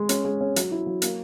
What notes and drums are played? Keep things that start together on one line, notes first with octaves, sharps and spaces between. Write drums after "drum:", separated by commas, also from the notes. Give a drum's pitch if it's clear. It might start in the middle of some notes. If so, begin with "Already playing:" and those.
Already playing: G#3
C#4, drum: hi-hat
G#3
C#4
F#3, drum: hi-hat
E4
F#3
A#3, drum: hi-hat